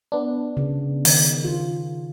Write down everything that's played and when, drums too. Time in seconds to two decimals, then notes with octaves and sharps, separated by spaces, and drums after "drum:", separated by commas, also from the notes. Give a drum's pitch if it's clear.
0.12 B3 D4
0.57 C#3
1.05 D#3, drum: open hi-hat
1.45 F4